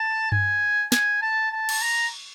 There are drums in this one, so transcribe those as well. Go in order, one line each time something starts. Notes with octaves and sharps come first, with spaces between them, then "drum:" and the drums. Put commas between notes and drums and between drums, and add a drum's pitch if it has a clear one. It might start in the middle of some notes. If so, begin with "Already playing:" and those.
Already playing: A5
G#5, drum: tom G2
G#5, drum: snare
A5
A5
drum: cymbal
A#5